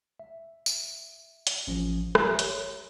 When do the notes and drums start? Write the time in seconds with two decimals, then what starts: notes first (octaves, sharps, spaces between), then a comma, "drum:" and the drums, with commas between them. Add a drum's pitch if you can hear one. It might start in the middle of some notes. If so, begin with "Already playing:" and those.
0.20 E5
0.66 drum: tambourine
1.47 drum: hi-hat
1.67 A1 F3 C#4
2.15 G4 A#4 E5 G#5 A#5 F#6, drum: rim click
2.39 C#5, drum: hi-hat